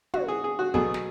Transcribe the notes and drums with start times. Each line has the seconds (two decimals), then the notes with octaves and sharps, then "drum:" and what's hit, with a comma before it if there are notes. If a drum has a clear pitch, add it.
0.14 F#4, drum: tom
0.28 G#4
0.44 G#4
0.59 F#4
0.74 B2 F#3 A3 G#4, drum: kick
0.94 drum: snare